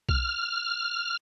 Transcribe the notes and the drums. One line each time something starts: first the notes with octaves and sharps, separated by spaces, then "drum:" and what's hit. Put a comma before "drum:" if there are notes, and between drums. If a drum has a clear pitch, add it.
F6, drum: kick B1